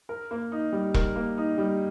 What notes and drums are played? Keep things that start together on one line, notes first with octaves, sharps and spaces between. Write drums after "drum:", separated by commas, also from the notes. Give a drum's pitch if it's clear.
A#4
A#3
D#4
G3
A#4, drum: kick E1
A#3
D#4
G3